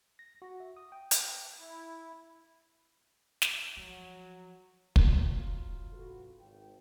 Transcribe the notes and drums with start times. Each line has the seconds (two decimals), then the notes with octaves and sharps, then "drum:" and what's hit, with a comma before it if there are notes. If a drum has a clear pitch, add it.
0.19 A#6
0.42 F#4
0.60 E5
0.77 D#6
0.92 G5
1.11 drum: hi-hat
1.60 E4
3.42 drum: snare
3.77 F3 F#3
4.96 G#2 C3 F#3 F4, drum: kick
5.92 F#4 A4 B4
6.39 G#1 G5